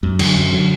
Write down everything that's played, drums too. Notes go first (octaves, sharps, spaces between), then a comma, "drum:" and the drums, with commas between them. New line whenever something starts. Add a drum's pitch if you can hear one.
F#2
D3 F#3, drum: cymbal
F#2
D3 F#3